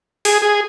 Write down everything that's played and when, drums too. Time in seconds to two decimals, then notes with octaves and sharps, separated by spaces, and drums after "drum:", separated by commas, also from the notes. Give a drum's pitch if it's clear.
0.25 G#4, drum: open hi-hat
0.42 G#4